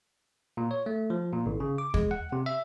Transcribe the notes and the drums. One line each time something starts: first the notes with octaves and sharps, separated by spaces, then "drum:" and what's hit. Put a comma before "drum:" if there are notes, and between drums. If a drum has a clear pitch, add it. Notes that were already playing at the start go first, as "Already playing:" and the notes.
A#2
C#5
A3
F3
A#2
G#1
C#3
D6
G#3, drum: kick
F#5
C3
E5